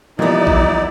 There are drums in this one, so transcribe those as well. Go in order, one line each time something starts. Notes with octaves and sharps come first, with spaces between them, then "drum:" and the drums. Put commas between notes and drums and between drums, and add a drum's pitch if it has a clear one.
E3 F3 G3 A#3 B3 D#4 E4 D5
drum: kick A#1